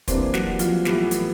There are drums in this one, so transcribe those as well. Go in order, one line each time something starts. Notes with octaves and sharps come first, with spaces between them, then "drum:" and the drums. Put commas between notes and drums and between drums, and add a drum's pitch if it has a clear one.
E3 G3 A#3 C4 D4 C5, drum: kick, hi-hat
F#3 F#4, drum: snare
F3 F4, drum: hi-hat
A2 E3 G3 B3, drum: snare
drum: hi-hat